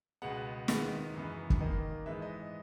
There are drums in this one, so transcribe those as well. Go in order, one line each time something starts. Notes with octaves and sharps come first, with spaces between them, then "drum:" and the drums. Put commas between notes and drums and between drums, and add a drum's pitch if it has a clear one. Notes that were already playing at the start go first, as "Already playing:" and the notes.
C#2 B2 G#3 B3 F#5
D#2 D#3 G#3 B3, drum: snare
F#2 C#3 E3 B3
drum: kick
D#2 D#3 A#3 D#5
G#2 E3 G#3 B3 E5
D#5